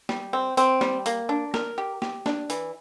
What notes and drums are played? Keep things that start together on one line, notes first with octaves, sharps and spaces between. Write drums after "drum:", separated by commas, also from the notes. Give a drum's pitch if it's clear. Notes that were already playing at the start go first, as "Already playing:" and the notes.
G3, drum: snare
C4
C4, drum: hi-hat
G3, drum: snare
A#3, drum: hi-hat
D4
A#4, drum: snare
G4
G4, drum: snare
D4, drum: snare
E3, drum: hi-hat